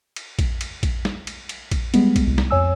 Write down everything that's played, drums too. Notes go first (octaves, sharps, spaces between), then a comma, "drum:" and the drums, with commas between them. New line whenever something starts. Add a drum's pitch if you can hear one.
drum: cymbal
drum: kick A#1, cymbal
drum: cymbal
drum: kick A#1, cymbal
drum: snare
drum: cymbal
drum: cymbal
drum: kick A#1, cymbal
G3 G#3 B3, drum: cymbal
drum: kick A#1, cymbal
C2
drum: snare
F2 C#5 G#5 E6